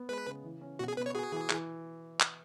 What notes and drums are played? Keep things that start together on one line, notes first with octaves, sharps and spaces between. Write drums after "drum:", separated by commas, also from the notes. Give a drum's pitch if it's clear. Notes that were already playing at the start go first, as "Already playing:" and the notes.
Already playing: B3
G#3 B4
C#3
E3
C#4
B2 F#4
G#4
B3 B4
C#5
F#4 G#4
E3
E3, drum: clap
drum: clap